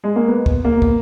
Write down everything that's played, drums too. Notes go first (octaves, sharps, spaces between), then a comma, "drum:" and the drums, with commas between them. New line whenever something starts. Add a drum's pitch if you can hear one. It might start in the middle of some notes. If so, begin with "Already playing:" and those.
G#3
A#3
B3
drum: kick
A#3
drum: kick